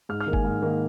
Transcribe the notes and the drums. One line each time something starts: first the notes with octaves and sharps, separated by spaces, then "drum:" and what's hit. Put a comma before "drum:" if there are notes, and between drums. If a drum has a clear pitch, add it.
G#2 F6
F6
D#3 A#3
G#5, drum: kick
G#2
D#3 A#3